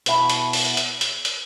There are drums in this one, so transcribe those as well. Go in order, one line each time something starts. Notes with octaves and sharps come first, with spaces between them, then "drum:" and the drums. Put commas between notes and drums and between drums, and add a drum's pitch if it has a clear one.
B2 B3 E4, drum: hi-hat
drum: hi-hat
drum: open hi-hat
drum: hi-hat
drum: hi-hat
drum: hi-hat